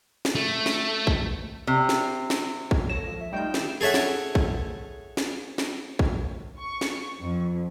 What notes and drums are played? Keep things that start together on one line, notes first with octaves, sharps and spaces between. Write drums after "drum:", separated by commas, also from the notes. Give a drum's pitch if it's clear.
drum: snare
A3
drum: snare
drum: kick
C3
drum: snare
drum: snare
drum: kick
A#2 A4 C#5 A#6 E7
F3
E5
G3 A3 D#4 F4 G5 G6
D#3 E4 G4, drum: snare
G#4 A4 C#5 E5 F#5
drum: snare
drum: kick
drum: snare
drum: snare
drum: kick
C#6
drum: snare
F2